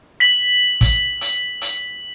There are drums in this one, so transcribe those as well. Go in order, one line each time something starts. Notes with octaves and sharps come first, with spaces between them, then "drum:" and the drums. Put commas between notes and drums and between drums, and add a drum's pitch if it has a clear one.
B6 F#7
drum: kick, hi-hat
drum: hi-hat
drum: hi-hat